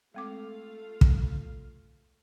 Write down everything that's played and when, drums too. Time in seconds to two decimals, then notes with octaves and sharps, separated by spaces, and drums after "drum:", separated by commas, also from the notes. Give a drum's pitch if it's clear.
0.15 G#3 A3 C4 F4 F5 D6
1.01 drum: kick